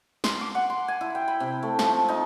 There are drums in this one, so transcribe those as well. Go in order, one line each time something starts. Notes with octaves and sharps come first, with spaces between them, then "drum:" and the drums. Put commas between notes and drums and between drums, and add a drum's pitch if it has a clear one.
C6, drum: snare
D6
F#5
C6
G#5
E4
G5
B5
C3
A3
F3, drum: snare
D#4